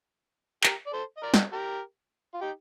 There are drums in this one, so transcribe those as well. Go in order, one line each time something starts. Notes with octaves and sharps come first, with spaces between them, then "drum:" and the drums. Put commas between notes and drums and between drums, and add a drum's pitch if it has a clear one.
G4 A#4, drum: clap
D5
A4 C5
D#5
A#4 D5
drum: snare
G4 A#4
F4
D#4 G4